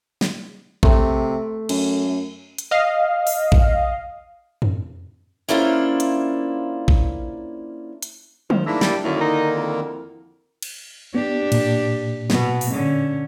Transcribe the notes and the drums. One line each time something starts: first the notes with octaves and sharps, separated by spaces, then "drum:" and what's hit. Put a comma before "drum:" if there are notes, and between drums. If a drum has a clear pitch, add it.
drum: snare
C3 A3, drum: kick
F#2, drum: cymbal
drum: hi-hat
D#5 F5
drum: open hi-hat
drum: kick
drum: tom F2
A#3 C#4 D4 E4 F4 C5
drum: hi-hat
drum: kick
drum: hi-hat
D#3 F3, drum: tom
G#2 A#3 D4 E4 E6 A#6 B6
G3, drum: snare
F#2 D3 D#3 A#3 E4 A#4
D#4
F2
drum: cymbal
B3 D4 G4
A#2, drum: cymbal
B2, drum: snare
drum: open hi-hat
D3 C#4